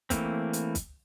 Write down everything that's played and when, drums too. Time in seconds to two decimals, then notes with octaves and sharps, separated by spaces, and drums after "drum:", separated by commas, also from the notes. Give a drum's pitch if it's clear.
0.10 E3 A3 A#3 C4, drum: kick, hi-hat
0.53 drum: hi-hat
0.75 drum: kick, hi-hat